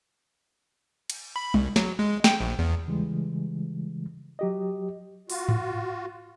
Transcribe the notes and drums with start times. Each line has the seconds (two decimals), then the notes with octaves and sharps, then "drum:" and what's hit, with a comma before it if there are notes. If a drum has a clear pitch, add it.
1.10 drum: cymbal
1.36 B5
1.54 C2, drum: tom G3
1.76 F#3, drum: snare
1.99 G#3
2.24 G5, drum: snare
2.40 A#1
2.59 E2
2.87 C#3 E3 G3 G#3
4.39 F#3 G4 D#5
5.30 F4 F#4, drum: open hi-hat
5.49 drum: tom G#2